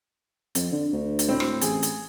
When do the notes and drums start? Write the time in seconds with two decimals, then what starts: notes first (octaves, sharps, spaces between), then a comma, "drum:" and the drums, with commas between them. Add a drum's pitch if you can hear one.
0.55 F2, drum: hi-hat
0.72 D3
0.92 D2
1.19 drum: hi-hat
1.28 A2 C4
1.40 drum: rim click
1.61 A1 G#4, drum: hi-hat
1.83 drum: hi-hat